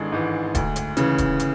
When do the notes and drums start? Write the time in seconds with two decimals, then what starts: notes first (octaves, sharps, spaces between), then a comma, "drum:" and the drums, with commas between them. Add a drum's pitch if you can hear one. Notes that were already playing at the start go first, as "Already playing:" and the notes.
Already playing: G#1 G#2 E3 G#3 D4 G#4 A4
0.12 G#2 E3
0.55 D2, drum: kick D#1, hi-hat
0.76 drum: hi-hat
0.97 C#3 E3, drum: hi-hat
1.18 drum: kick D#1, hi-hat
1.40 drum: hi-hat